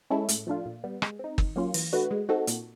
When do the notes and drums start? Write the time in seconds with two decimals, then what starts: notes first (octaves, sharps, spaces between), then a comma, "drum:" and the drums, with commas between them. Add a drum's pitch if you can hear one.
0.10 G#3 C#4 E4 A4
0.29 A2, drum: hi-hat
0.47 F3 A3 D4 F4
0.65 A#2
0.84 G3 B3
1.02 G#3, drum: rim click
1.19 C4 D#4
1.38 D#3, drum: kick G1
1.56 F#3 A#3 C#4 F4
1.74 E3, drum: open hi-hat
1.93 A3 D4 F#4 B4
2.11 G#3
2.29 C4 D#4 F#4 A4
2.47 A#2, drum: hi-hat